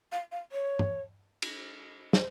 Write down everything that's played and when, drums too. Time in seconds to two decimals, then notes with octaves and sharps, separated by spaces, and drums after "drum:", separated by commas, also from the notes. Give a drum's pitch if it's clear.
0.12 F5
0.32 F5
0.52 C#5
0.79 drum: tom
1.42 drum: cymbal
2.13 C5, drum: snare